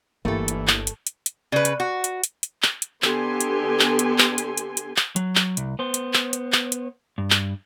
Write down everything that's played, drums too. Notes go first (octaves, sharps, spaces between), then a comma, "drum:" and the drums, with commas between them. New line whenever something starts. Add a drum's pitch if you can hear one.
G1 E3 A3 A#3 E4 G4 A4
drum: hi-hat
drum: clap
drum: hi-hat
drum: hi-hat
drum: hi-hat
C#3 B4 D5
drum: hi-hat
F#4
drum: hi-hat
drum: hi-hat
drum: hi-hat
drum: clap
drum: hi-hat
D3 B3 G4 A4 G#5 C6, drum: clap
drum: hi-hat
drum: clap
drum: hi-hat
drum: clap
drum: hi-hat
drum: hi-hat
drum: hi-hat
drum: clap
F#3, drum: hi-hat
drum: clap
C2, drum: hi-hat
B3 C5
drum: hi-hat
drum: clap
drum: hi-hat
drum: clap
drum: hi-hat
G2
drum: clap